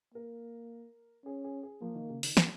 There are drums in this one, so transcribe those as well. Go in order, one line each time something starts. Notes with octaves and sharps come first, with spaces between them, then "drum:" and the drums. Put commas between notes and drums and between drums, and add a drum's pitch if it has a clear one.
A#3 A#4
C#4 G#4
G#4
G#4
F3 A#3
D#3
C#3
D#3, drum: open hi-hat
F3, drum: snare